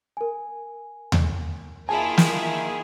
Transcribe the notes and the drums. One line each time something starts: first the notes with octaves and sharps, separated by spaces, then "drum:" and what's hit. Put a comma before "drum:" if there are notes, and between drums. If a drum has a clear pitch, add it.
A#4 G#5
drum: tom D#2
D#3 A#3 E4 F4 G#4 G#5 A5
drum: snare